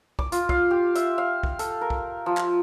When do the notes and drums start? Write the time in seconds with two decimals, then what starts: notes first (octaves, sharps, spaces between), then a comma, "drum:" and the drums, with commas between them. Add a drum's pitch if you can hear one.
0.19 D6, drum: kick
0.32 F4, drum: hi-hat
0.49 F5, drum: kick
0.71 G4
0.95 E5, drum: hi-hat
1.18 F5
1.43 drum: kick
1.59 A4, drum: hi-hat
1.81 A#4
1.90 drum: kick
2.26 F3
2.37 drum: clap